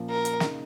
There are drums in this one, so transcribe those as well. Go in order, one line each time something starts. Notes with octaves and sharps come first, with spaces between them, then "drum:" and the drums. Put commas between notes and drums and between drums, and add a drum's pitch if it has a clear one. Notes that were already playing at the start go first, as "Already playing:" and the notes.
Already playing: A#2 F3 A#3 C#4
A#4
drum: hi-hat
C#3 A#3 D#4, drum: snare